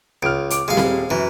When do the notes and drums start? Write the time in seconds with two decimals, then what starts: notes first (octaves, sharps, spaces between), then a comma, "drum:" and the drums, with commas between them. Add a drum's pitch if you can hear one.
0.23 C#2 F6 D7
0.50 D6 D7, drum: hi-hat
0.68 D#1 G3 G#3 F5
0.77 drum: snare C4
1.10 F#2 E3